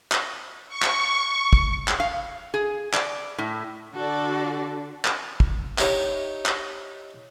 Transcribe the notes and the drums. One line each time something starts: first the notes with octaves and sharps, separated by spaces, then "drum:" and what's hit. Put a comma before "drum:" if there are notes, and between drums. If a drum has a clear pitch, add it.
drum: clap
C#6
drum: clap
drum: kick
drum: clap
F5
G#4
D5, drum: clap
A2
D3 F#4 A4 D5
drum: clap
drum: kick
D#4 E4 G4 C#5, drum: clap
drum: clap